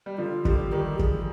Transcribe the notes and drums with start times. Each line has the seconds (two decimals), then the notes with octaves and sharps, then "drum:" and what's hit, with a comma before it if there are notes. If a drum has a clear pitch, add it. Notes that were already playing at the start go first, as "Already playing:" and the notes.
0.06 G3
0.18 D3 F3 F4
0.45 D3 F3 G4, drum: kick
0.72 D#3 G3 G4
0.99 G#4, drum: kick